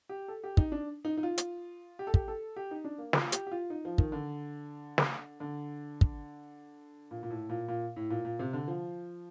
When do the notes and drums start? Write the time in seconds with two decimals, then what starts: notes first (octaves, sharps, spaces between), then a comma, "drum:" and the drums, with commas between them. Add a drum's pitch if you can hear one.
0.09 G4
0.28 A4
0.44 G4
0.57 D#4, drum: kick
0.72 D4
1.05 D#4
1.17 D#4
1.23 F4
1.38 drum: hi-hat
1.99 G4
2.07 A4
2.14 G4, drum: kick
2.28 A4
2.56 G4
2.71 D#4
2.84 D4
2.98 A#3
3.13 F4, drum: snare
3.32 G4, drum: hi-hat
3.47 G4
3.52 F4
3.70 D#4
3.85 F3
3.98 D#3, drum: kick
4.12 D3
4.98 drum: snare
5.40 D3
6.01 drum: kick
7.11 A#2
7.23 A#2
7.30 A2
7.49 A#2
7.68 A#2
7.96 A2
8.10 A#2
8.25 A#2
8.39 C3
8.53 D3
8.68 F3